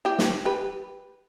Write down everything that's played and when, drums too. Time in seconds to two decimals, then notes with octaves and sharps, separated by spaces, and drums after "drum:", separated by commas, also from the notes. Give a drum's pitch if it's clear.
0.05 E4 G4
0.19 drum: snare
0.45 G4 B4